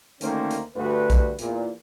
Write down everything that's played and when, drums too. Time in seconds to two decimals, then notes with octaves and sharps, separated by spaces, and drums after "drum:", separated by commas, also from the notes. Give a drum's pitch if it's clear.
0.21 D2 D#3 A3 A#3 C#4 C5, drum: hi-hat
0.51 drum: hi-hat
0.75 D2 G2 A3 F#4 B4
1.10 drum: kick, hi-hat
1.39 E2 A#2, drum: hi-hat